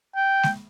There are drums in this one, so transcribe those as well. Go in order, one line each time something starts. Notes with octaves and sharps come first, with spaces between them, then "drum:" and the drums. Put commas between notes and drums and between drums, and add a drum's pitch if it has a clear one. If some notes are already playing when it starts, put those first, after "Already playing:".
G5
drum: snare G#3